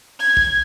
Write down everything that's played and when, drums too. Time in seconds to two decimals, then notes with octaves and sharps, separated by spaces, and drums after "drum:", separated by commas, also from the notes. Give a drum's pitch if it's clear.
0.20 G#6, drum: open hi-hat
0.37 drum: kick